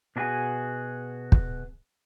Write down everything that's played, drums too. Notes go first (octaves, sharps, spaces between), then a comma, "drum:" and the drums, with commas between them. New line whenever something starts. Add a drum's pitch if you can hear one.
B2 D4 F#4 G#4 G#5
drum: kick